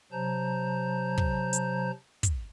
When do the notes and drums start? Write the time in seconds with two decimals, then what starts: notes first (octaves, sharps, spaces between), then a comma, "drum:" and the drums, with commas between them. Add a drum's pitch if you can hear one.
0.12 C3 F#3 C5 A5 A#5 G6
1.18 drum: kick
1.53 drum: hi-hat
2.23 drum: kick, hi-hat